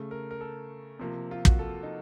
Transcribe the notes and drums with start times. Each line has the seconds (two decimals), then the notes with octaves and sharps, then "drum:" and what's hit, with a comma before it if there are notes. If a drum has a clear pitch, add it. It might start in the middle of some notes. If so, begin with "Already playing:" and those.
Already playing: C#3 A3
0.11 A#4
0.31 A#4
0.41 A4
0.99 C3 F3 A#3
1.31 F4
1.45 F#4, drum: kick
1.59 A4
1.83 D#4